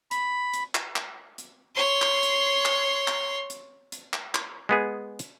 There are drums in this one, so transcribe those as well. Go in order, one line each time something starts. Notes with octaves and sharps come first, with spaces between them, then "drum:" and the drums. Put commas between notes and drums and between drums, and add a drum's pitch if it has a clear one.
B5, drum: hi-hat
drum: hi-hat
drum: clap
drum: clap
drum: hi-hat
C#5 C6
drum: clap
drum: hi-hat
drum: clap
drum: clap
drum: hi-hat
drum: hi-hat
drum: clap
drum: clap
G#3 B3 G#4
drum: hi-hat